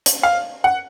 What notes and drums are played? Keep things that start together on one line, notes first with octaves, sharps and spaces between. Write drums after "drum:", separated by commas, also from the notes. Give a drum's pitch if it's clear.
drum: hi-hat
F5
F#5